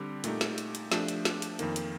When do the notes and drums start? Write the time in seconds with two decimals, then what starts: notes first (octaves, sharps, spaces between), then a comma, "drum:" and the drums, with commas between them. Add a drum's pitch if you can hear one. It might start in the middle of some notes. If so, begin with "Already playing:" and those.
Already playing: D3 G3 C4 G4
0.24 A#2 A3 D#4 G4, drum: hi-hat
0.41 drum: snare
0.58 drum: hi-hat
0.75 drum: hi-hat
0.92 F3 A3 D4 G4, drum: snare
1.08 drum: hi-hat
1.25 drum: snare
1.42 drum: hi-hat
1.59 F2 D#3 A#3, drum: hi-hat
1.76 drum: hi-hat